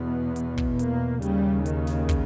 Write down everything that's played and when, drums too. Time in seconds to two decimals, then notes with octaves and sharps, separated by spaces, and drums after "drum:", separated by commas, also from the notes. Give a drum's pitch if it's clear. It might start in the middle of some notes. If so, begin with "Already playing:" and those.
Already playing: E2 B2 B3
0.36 drum: hi-hat
0.58 drum: kick
0.79 A#3, drum: hi-hat
1.22 D#2 C#3 G3, drum: hi-hat
1.66 D#3, drum: hi-hat
1.87 drum: snare
2.09 drum: kick, hi-hat